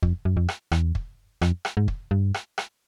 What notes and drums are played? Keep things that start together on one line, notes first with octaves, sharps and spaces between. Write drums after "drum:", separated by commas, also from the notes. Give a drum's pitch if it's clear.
F2, drum: kick
F#2
F2
drum: rim click
E2, drum: rim click
drum: kick
F2, drum: rim click
drum: rim click
G#2
drum: kick
G2
drum: rim click
drum: rim click